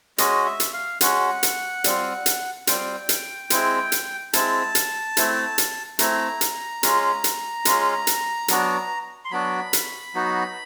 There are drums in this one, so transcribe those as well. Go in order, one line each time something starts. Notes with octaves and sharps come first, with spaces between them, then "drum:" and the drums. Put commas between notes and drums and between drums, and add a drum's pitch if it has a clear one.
G#3 C#4 F#4 D#5, drum: hi-hat
E5
drum: hi-hat
F5
G#3 C#4 F#4 F#5, drum: hi-hat
drum: hi-hat
G3 C4 F4, drum: hi-hat
drum: hi-hat
G3 C4 F4 G5, drum: hi-hat
drum: hi-hat
G#3 C4 E4, drum: hi-hat
drum: hi-hat
G#3 C4 E4 A5, drum: hi-hat
drum: hi-hat
A3 C4 E4, drum: hi-hat
drum: hi-hat
A3 C4 E4 A#5, drum: hi-hat
drum: hi-hat
G#3 C#4 F4, drum: hi-hat
drum: hi-hat
G#3 C#4 F4, drum: hi-hat
drum: hi-hat
F#3 B3 D4 F#4, drum: hi-hat
C6
F#3 B3 D4 F#4 B5
drum: hi-hat
F#3 B3 D#4 F#4